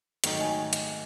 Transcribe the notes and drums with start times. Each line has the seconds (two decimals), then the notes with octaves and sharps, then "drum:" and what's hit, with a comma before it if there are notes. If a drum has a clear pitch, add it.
0.24 G#2 D#3 F#3 A3 D#4, drum: hi-hat
0.41 G#5
0.73 drum: hi-hat